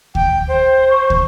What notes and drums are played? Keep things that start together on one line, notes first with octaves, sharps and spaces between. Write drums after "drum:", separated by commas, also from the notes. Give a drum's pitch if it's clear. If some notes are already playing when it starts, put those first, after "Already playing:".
G5, drum: kick
C5
C#6
drum: kick